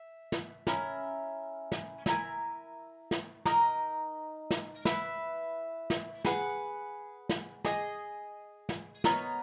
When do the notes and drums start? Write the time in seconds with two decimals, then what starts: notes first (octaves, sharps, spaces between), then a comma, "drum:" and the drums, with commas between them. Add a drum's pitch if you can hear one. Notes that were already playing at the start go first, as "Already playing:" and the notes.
Already playing: E5
0.32 drum: snare
0.67 C#4 E4 A#4, drum: snare
1.72 drum: snare
2.06 E4 A#4 E5 G#5, drum: snare
3.11 drum: snare
3.45 D#4 A#4 D#5, drum: snare
4.51 drum: snare
4.85 E4 B4 E5, drum: snare
5.90 drum: snare
6.25 G#4 B4 F#5, drum: snare
7.29 drum: snare
7.65 G#4 D#5 G#5, drum: snare
8.69 drum: snare
9.04 B3 D#4 A#4 C#5, drum: snare